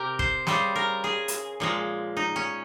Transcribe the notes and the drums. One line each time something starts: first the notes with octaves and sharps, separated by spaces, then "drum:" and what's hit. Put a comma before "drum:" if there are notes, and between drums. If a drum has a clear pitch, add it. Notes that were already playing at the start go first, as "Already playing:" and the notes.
Already playing: C3 G4 A#4
C5, drum: kick
C#3 G3 C5, drum: snare
A#4
G#4
drum: hi-hat
A#2 F3 G#3
D#4
C#4